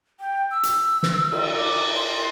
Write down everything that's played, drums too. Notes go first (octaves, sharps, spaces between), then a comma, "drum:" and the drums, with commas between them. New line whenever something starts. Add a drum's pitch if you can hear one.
G5
E6
drum: hi-hat
drum: snare
drum: cymbal
D6
C6